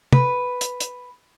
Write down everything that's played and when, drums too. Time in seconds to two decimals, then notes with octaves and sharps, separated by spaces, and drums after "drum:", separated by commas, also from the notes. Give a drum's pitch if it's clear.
0.13 B4, drum: tom
0.61 drum: hi-hat
0.80 drum: hi-hat